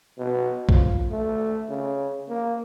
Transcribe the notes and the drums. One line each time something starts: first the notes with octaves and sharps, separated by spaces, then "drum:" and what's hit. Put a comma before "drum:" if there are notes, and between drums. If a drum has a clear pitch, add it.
B2
F3, drum: kick
A3
C#3
A#3